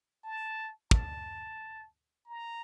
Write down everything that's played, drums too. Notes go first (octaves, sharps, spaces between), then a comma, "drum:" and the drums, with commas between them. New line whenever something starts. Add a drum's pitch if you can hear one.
A5
A5, drum: kick
A#5